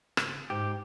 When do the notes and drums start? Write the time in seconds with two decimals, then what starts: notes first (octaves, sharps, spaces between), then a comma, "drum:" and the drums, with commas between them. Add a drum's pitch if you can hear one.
0.17 C#3, drum: rim click
0.50 G#2 G4